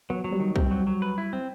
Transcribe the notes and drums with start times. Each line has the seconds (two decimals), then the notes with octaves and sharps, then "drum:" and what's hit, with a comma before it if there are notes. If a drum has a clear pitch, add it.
0.10 F#3 B3
0.24 F#3
0.32 G3
0.40 D#3
0.56 G3 C4, drum: kick
0.71 F#3
0.87 F#3
1.02 B4
1.18 E4
1.33 C4